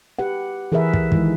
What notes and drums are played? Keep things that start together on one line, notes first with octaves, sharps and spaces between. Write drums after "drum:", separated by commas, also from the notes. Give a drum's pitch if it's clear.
G4 B4 F#5
E3 G#4 A#4 B4 E5
drum: kick
D#3 E3 G#3, drum: kick